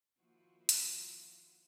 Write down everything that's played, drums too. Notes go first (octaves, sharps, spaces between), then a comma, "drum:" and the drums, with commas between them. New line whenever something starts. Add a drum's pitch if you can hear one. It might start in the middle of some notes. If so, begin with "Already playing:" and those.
D#3 F3 A#3 E4 F#4 C5
drum: hi-hat